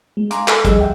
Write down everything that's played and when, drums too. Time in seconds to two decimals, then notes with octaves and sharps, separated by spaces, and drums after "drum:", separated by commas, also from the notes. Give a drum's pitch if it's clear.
0.17 G#3
0.31 F5 G#5 A#5 C6 D6, drum: hi-hat
0.48 A4, drum: clap
0.65 D2 F3 G3 G#4 D#5 E6, drum: kick, hi-hat
0.80 E5 F#5 G5